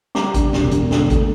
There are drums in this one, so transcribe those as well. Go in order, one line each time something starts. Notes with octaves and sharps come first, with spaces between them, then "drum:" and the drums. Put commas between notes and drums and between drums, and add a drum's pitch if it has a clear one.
G3 A#5 D6, drum: snare
D4, drum: kick G#1, hi-hat
E1, drum: snare
E1, drum: hi-hat
D3, drum: snare
A3, drum: kick G#1, hi-hat